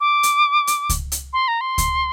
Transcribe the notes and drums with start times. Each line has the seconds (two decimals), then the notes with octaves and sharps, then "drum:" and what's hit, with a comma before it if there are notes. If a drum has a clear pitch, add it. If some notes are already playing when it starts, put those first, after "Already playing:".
0.01 D6
0.23 drum: hi-hat
0.67 drum: hi-hat
0.89 drum: kick C#2, hi-hat
1.12 drum: hi-hat
1.33 C6
1.48 A#5
1.61 C6
1.78 drum: kick C#2, hi-hat